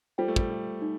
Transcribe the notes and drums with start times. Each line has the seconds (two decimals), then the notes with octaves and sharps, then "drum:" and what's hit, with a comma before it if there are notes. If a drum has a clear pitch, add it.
0.18 G3 F4 A4 C5 G5
0.28 A3
0.36 G3, drum: kick
0.50 A3
0.82 D#4